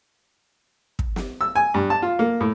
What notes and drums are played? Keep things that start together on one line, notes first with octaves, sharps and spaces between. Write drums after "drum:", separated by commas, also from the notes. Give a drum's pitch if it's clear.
drum: kick
drum: snare
E6
G#5
G2
A5
F4
A#3
A2